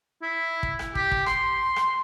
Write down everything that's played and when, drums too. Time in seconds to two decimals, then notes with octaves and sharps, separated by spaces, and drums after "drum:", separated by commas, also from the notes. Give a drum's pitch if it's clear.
0.22 E4
0.63 drum: kick
0.79 drum: rim click
0.95 G4, drum: kick
1.11 drum: kick
1.26 C6, drum: rim click
1.76 drum: rim click